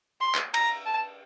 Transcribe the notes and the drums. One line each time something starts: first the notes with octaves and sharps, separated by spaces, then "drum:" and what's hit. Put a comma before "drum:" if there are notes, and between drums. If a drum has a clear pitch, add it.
C6
drum: clap
A#5, drum: cymbal
A5